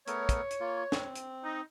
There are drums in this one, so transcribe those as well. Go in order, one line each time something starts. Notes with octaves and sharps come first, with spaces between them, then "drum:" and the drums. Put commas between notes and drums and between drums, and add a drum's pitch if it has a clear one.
A3 B3 A#4 C#5, drum: hi-hat
drum: kick, hi-hat
drum: hi-hat
A#3 F4
C4, drum: snare
drum: hi-hat
D#4